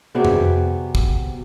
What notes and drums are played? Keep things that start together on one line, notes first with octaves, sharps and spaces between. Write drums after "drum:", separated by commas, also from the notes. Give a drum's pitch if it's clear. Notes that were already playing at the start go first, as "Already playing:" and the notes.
C3 B3 F#4 G#4 D5
drum: tom F2
drum: kick